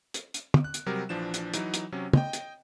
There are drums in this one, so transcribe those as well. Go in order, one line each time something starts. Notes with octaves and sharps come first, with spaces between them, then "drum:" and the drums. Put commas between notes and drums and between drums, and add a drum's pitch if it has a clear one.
drum: hi-hat
drum: hi-hat
drum: tom
F#6
drum: hi-hat
C3 F#3 G3 A#4
A#1 E3 F3 D4 E7
drum: hi-hat
E3 F#3 D#4, drum: hi-hat
drum: hi-hat
C3 F#3 C#4
D#5 G5, drum: tom
drum: hi-hat